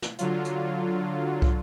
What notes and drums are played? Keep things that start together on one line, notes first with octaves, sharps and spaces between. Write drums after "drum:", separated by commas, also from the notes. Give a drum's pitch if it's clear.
drum: snare
D3 F#3 F4, drum: hi-hat
drum: hi-hat
drum: kick